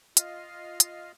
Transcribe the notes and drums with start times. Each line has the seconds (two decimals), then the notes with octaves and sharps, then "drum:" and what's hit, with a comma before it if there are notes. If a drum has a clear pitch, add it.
0.17 F4 D#5 F5 F6, drum: hi-hat
0.80 drum: hi-hat